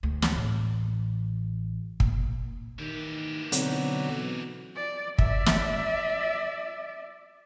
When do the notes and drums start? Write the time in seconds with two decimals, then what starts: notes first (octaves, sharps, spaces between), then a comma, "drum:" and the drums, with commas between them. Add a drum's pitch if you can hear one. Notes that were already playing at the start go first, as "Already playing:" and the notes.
0.03 D2
0.22 drum: snare
0.35 A1
2.00 A#2, drum: kick
2.79 D#3 E3 G4
3.52 B2 D3 F#3 C4 D#4 E4, drum: hi-hat
4.76 D5
5.18 D5 E5, drum: kick
5.46 drum: snare